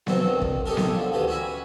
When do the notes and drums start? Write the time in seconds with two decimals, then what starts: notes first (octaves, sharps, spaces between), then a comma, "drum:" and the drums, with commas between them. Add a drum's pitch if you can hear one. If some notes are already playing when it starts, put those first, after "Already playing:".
0.07 G2 F#3 C4, drum: snare B3
0.22 C2 G2 D#3
0.42 drum: kick
0.66 C#4 D#4 G4 A4 A#4
0.77 drum: snare B3
0.94 D3 F3
1.12 D2 D#3 E3 G4
1.28 C#4 F#4 E5 G#5 B5